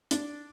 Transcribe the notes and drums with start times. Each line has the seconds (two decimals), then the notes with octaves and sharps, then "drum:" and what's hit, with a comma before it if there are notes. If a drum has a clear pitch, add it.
0.11 D4, drum: hi-hat